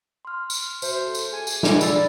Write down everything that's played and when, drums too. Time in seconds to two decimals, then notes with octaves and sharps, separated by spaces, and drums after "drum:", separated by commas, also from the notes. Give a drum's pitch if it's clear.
0.25 C6 F6
0.50 drum: tambourine
0.82 A3 F#4 C5, drum: tambourine
1.05 A4
1.15 drum: tambourine
1.32 G#4 G#5
1.47 drum: tambourine
1.63 drum: snare
1.81 G3 D4 F4 B5 E6 A6, drum: tambourine